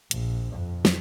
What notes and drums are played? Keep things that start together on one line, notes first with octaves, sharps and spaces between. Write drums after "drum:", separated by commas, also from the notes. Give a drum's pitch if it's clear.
A#1, drum: hi-hat
F2
drum: snare